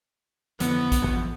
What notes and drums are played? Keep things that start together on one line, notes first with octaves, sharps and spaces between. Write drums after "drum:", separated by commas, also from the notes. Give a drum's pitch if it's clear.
F2 D3 E3 B3, drum: hi-hat
drum: kick A1, hi-hat
F2 E3 F3